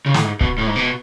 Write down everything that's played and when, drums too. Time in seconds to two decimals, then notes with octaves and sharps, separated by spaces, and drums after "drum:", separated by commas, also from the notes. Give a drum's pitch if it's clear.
0.06 C#3
0.14 A2, drum: snare
0.23 G#2
0.41 B2, drum: kick C#1
0.58 A2
0.67 G#2
0.76 B2